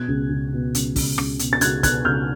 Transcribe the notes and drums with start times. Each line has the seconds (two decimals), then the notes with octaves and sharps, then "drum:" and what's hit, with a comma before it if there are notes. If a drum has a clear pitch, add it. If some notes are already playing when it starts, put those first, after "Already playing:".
Already playing: B2 F#6 G#6
0.08 C#2
0.30 C#2
0.53 B2
0.75 C#2, drum: hi-hat
0.96 C#2, drum: kick, open hi-hat
1.18 C#2, drum: rim click
1.39 B2, drum: hi-hat
1.53 A6
1.61 C#2 F#6 G#6, drum: hi-hat
1.83 B2 F#6 G#6, drum: kick, hi-hat
2.05 C#2 F6 G6